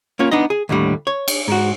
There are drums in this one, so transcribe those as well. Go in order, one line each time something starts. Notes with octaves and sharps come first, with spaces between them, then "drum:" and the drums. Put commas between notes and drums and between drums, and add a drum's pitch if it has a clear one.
A#3 C#4 F4 C#5
B3 D4 D#4 D#5
G#4
D#2 A2 D3 G3
C#5
drum: cymbal
G#2 F#4